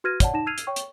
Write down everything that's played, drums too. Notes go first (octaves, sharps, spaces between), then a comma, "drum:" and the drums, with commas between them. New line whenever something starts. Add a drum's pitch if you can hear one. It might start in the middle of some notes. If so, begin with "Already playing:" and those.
F#4 B4 F6 G#6 A#6 D#7
C#5 D5 F#5 A5, drum: kick, hi-hat
D#4 A5 A#6 E7
E6 F6 G#6 C7 D#7 F7
drum: hi-hat
C#5 G5 C#6
drum: hi-hat